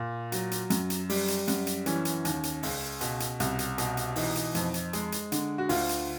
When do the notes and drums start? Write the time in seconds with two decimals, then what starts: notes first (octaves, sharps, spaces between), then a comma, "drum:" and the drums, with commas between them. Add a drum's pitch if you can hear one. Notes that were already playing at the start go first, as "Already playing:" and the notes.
Already playing: A#2
0.32 F#3, drum: hi-hat
0.51 drum: hi-hat
0.70 F#2, drum: hi-hat
0.90 drum: hi-hat
1.10 G3, drum: open hi-hat
1.28 drum: hi-hat
1.48 F#2, drum: hi-hat
1.67 drum: hi-hat
1.86 E3 C#4, drum: hi-hat
2.05 drum: hi-hat
2.25 D#2, drum: hi-hat
2.43 drum: hi-hat
2.63 C#2, drum: open hi-hat
3.01 B2, drum: hi-hat
3.20 drum: hi-hat
3.40 C2, drum: hi-hat
3.59 drum: hi-hat
3.78 B2, drum: hi-hat
3.97 drum: hi-hat
4.16 E3 D#4, drum: open hi-hat
4.35 drum: hi-hat
4.55 F2, drum: hi-hat
4.74 drum: hi-hat
4.93 G#3, drum: hi-hat
5.12 drum: hi-hat
5.32 D3, drum: hi-hat
5.58 F#4
5.69 D2 F4, drum: open hi-hat
5.89 drum: hi-hat